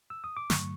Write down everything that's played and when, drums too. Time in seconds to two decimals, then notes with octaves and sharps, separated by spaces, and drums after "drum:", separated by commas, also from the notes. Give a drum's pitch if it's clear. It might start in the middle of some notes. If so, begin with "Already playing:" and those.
0.10 E6
0.24 D#6
0.37 D6
0.50 G2 D3 F#3 A3 C#6, drum: snare